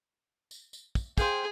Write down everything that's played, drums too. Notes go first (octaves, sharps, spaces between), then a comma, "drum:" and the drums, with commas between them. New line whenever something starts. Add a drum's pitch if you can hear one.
drum: tambourine
drum: tambourine
drum: kick, tambourine
G#4 C5 F5 G5, drum: kick, tambourine